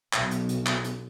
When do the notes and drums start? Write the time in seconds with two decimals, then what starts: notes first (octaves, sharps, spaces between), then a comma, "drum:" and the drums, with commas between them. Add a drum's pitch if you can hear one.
0.13 B1, drum: clap
0.31 drum: hi-hat
0.49 drum: hi-hat
0.66 drum: clap
0.84 drum: hi-hat